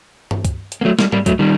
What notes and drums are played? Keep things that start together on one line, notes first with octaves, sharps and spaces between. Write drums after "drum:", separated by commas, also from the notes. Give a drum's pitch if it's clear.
drum: tom G2
drum: kick, hi-hat
drum: hi-hat
A#3
F#3 A3
G3 A#3, drum: snare
G3 A#3, drum: tom G#2
F#3 A3, drum: kick, hi-hat
D#3 G3